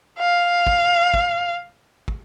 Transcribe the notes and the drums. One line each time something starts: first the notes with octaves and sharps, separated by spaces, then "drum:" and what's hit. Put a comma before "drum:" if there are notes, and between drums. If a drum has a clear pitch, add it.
F5
drum: kick
drum: kick
drum: kick